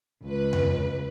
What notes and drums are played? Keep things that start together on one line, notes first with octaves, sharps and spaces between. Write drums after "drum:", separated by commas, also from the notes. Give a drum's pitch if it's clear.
C#2 B4
drum: tom E2